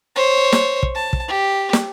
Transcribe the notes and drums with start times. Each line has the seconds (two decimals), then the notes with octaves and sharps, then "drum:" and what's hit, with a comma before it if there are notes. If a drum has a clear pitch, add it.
0.16 C5 C#5
0.52 drum: snare
0.83 drum: kick
0.95 A5
1.13 drum: kick
1.28 G4
1.73 drum: snare